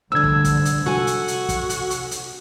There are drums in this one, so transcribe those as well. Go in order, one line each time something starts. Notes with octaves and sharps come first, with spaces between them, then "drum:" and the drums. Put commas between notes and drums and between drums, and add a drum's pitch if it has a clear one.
D2 D3 G3 D4 E6 G#6
drum: kick
drum: kick, hi-hat
drum: hi-hat
C3 F#4 A4 G#5
drum: hi-hat
drum: hi-hat
drum: kick, hi-hat
drum: hi-hat
drum: hi-hat
drum: hi-hat